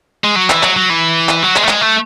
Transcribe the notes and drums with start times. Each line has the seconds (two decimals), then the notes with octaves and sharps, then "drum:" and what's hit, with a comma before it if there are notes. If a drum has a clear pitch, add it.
0.24 G#3
0.36 F#3
0.50 E3, drum: clap
0.63 F#3, drum: clap
0.76 F#3
0.90 E3
1.29 drum: clap
1.43 F#3
1.56 G#3, drum: clap
1.63 A3
1.68 G#3, drum: clap
1.81 A3